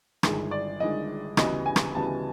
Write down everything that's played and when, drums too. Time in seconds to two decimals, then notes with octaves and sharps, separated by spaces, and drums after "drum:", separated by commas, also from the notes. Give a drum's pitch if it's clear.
0.23 G1 G2 D#3 G#3 G#4, drum: rim click
0.51 D5
0.80 G1 G2 D#3 G#3 D#5
1.37 D2 C#3 E3 G3 B3 D#5, drum: rim click
1.66 G#5
1.76 drum: rim click
1.95 D2 C#3 E3 G3 B3 A5